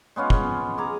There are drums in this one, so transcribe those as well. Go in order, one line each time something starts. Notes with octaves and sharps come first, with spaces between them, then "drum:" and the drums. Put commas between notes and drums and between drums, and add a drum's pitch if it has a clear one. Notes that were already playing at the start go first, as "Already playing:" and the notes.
G#3 B3 C#4 F4
drum: kick
G#4 A#5 D6